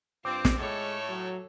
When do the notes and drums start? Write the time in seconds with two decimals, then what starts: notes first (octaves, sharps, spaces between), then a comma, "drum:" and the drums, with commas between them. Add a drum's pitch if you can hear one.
0.25 G2 C4 F4 D6
0.45 drum: snare
0.58 A2 G#3 A4 C#5
1.09 F#3